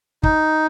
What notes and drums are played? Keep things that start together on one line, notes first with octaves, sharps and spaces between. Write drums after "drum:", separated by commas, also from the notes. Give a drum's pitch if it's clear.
D#4, drum: kick